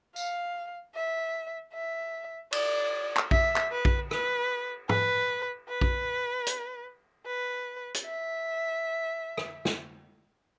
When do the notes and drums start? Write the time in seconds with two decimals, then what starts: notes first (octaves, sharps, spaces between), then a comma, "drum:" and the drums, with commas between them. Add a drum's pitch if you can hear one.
0.16 F5, drum: tambourine
0.95 E5
1.74 E5
2.53 D5, drum: cymbal
3.17 drum: clap
3.31 E5, drum: kick A#1
3.56 drum: clap
3.72 B4
3.85 drum: kick A#1
4.11 B4, drum: rim click
4.89 B4, drum: tom
5.69 B4
5.81 drum: kick A#1
6.47 drum: hi-hat
7.26 B4
7.94 drum: hi-hat
8.05 E5
9.37 drum: rim click
9.65 drum: snare